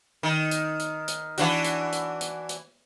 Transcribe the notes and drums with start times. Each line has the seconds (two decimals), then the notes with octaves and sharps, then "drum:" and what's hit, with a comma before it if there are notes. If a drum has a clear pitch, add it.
0.23 D#3
0.51 drum: hi-hat
0.80 drum: hi-hat
1.08 drum: hi-hat
1.38 E3 D4 F#4, drum: hi-hat
1.64 drum: hi-hat
1.93 drum: hi-hat
2.21 drum: hi-hat
2.49 drum: hi-hat